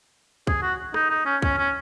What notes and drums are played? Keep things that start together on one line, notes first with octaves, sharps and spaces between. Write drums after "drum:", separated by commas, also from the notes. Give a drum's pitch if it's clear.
G#4, drum: kick
F#4
D#4, drum: rim click
D#4
C#4
C#4, drum: kick
C#4